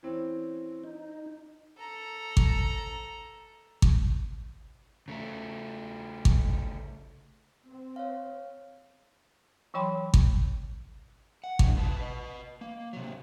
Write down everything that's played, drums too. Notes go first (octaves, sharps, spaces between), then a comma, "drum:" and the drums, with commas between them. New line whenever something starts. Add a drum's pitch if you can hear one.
E3 C4 C#4
D#4
A4 A#5
drum: kick G#1
drum: kick G#1
C#3 A3
drum: kick G#1
C4
C#5 F5
E3 F#3 C#5 G5 B5 C6
drum: kick G#1
F#5
D#3 E3 F#3 G3 D4, drum: kick G#1
B2 F4 B4 C5 A5
B4 D#5
A#3
C3 F#3